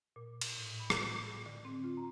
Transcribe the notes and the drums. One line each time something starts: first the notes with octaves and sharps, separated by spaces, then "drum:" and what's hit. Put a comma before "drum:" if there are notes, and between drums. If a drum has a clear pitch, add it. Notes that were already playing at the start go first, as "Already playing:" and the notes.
A#2
drum: cymbal
A2
B5
drum: rim click
D6
D3
C4
F4
A#5